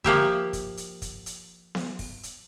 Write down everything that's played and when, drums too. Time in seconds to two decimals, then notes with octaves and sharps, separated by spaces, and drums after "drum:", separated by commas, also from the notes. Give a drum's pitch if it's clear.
0.04 F3 A#3 G4 E5, drum: kick
0.53 drum: kick, hi-hat
0.77 drum: hi-hat
1.02 drum: kick, hi-hat
1.26 drum: hi-hat
1.75 drum: snare B3
1.99 drum: kick, open hi-hat
2.23 drum: hi-hat